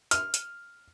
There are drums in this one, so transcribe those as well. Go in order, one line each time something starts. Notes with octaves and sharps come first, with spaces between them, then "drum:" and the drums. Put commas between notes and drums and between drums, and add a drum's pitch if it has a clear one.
F6, drum: hi-hat
drum: hi-hat